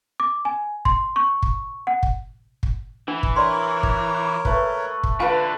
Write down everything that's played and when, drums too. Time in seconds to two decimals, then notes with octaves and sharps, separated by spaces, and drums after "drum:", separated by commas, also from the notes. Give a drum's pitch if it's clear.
0.20 D6
0.45 G#5
0.85 C6, drum: kick
1.16 C#6
1.43 drum: kick
1.87 F#5
2.03 drum: kick
2.63 drum: kick
3.08 E3 D4
3.23 drum: kick
3.36 A#4 C#5 D5 C6
3.83 drum: kick
4.45 A3 B4, drum: kick
5.03 drum: kick
5.20 D3 F4 B4 G#5